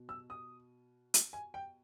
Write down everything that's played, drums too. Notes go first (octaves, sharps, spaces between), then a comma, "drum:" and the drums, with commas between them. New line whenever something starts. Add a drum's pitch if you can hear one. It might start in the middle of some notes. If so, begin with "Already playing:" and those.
Already playing: B2
E6
D#6
drum: hi-hat
G#5
G5